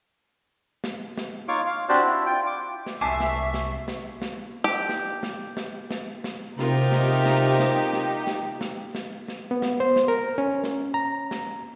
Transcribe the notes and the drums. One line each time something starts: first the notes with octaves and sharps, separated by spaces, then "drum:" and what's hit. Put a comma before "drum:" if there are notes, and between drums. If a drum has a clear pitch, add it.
drum: snare
drum: snare
D#4 F4 C#5 F5 C#6 D6
F5
C4 D4 F#4 G4 C5 D5
E4
F4 G5
D6
drum: snare
C2 E5 G#5 A5 C#6 D6 C7
drum: snare
drum: snare
drum: snare
drum: snare
G4
drum: snare
drum: snare
drum: snare
drum: snare
drum: snare
C3 D#4 F4 G4 A#4, drum: snare
drum: snare
drum: snare
drum: snare
drum: snare
drum: snare
drum: snare
drum: snare
drum: snare
B3
drum: snare
C5
drum: snare
A#4
C#4
drum: snare
A#5
drum: snare